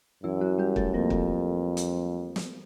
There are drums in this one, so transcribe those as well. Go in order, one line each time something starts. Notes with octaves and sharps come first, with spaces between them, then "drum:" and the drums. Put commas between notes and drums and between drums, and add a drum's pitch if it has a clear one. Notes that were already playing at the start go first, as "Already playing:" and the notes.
F#2 E3 E4
F#3 F#4
G3 G4
A3 A4, drum: kick
F2 A#3 A#4
drum: kick
drum: hi-hat
drum: snare